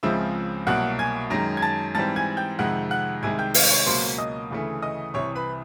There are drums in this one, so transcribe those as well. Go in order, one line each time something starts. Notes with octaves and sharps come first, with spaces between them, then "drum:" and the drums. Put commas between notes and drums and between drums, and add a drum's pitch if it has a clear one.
C#2 C#3 F3 G#3 C4 E5 E6
C2 B2 F#3 A#3 F#5 F#6
G#5 G#6
F#2 D#3 G#3 A#5 A#6
G#6
A5 A6
G#2 E3 G3 C4 A5 A6
G#5 G#6
G5 G6
F2 C3 D#3 G#3 F#5 F#6
F#5 F#6
C2 C3 D#3 G#3 G#5 G#6
G5 G6
F5 F6, drum: open hi-hat
C#5 C#6
C#2 B2 F#3 A#3 C5 C6
D#5 D#6
D2 C#3 E3 A3
D#5 D#6
C2 C3 E3 C#5 C#6
B4 B5